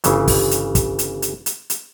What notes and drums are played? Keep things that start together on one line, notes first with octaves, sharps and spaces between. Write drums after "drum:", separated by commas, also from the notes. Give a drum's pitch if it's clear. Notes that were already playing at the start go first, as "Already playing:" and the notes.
G1 C#3 E3, drum: hi-hat
drum: kick, open hi-hat
drum: hi-hat
drum: kick, hi-hat
drum: hi-hat
drum: hi-hat
drum: hi-hat
drum: hi-hat